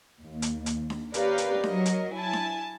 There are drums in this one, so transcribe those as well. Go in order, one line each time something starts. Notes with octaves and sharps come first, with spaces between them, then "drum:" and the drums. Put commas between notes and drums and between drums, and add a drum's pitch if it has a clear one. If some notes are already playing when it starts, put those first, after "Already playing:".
D#2
drum: hi-hat
drum: hi-hat
drum: snare D4
C#4 G4 A#4 B4 D5 F5, drum: hi-hat
drum: hi-hat
F#3 A#4 D#5, drum: snare D4
drum: hi-hat
E4 G#5 A5
drum: snare D4